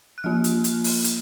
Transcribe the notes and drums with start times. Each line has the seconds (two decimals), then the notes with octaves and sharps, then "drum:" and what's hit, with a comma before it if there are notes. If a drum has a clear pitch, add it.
0.18 F#6
0.24 F3 A#3 F4 F6
0.44 drum: hi-hat
0.64 drum: hi-hat
0.84 drum: open hi-hat
1.04 drum: hi-hat